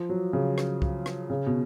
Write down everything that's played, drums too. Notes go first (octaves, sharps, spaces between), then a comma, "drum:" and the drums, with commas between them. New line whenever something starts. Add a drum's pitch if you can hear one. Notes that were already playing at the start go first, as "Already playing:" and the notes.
Already playing: F3
F#3
C#3
drum: rim click
drum: kick C2
drum: rim click
C#3
B2